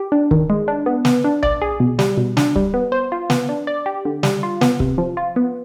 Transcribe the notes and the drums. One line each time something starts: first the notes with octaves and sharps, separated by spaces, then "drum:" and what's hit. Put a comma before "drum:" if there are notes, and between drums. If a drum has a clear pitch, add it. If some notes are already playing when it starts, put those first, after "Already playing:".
Already playing: G4
D4
D#3, drum: kick C#1
G#3
D4
B3
B3, drum: snare
D4
D5, drum: tom B1
G#4
B2
G3, drum: snare
B2
D4, drum: snare
G3, drum: kick C#1
B3
C5
F4
B3, drum: snare
D4
D5
G4
D3
G3, drum: snare
F4
B3, drum: snare
C3, drum: kick C#1
F3
F4
B3